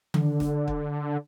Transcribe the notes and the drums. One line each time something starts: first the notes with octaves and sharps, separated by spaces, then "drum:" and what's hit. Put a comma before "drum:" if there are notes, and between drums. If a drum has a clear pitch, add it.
D3, drum: tom D#3
drum: snare E1
drum: kick